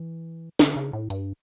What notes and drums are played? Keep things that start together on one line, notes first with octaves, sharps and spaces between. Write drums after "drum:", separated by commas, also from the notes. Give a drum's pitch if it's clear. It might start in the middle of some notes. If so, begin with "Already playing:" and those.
Already playing: E3
D3, drum: snare
C#3
A2
G2, drum: hi-hat